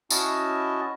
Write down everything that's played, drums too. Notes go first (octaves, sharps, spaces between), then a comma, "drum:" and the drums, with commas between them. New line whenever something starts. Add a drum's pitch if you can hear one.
C#4 E4 F#4 D#5 A5, drum: tambourine